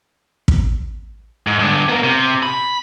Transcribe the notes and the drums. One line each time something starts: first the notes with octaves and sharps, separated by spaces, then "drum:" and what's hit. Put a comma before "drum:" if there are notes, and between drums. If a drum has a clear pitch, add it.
drum: kick
G#2
G2 D3
B3 A#4
C3
B5